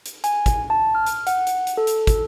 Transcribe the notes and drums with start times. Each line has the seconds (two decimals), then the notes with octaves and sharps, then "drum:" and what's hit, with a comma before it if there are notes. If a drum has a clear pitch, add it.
0.06 drum: hi-hat
0.24 G#5, drum: hi-hat
0.46 drum: kick, hi-hat
0.70 A5
0.95 F6
1.06 drum: hi-hat
1.27 F#5, drum: hi-hat
1.47 drum: hi-hat
1.67 drum: hi-hat
1.77 A4
1.87 drum: hi-hat
2.07 drum: kick, hi-hat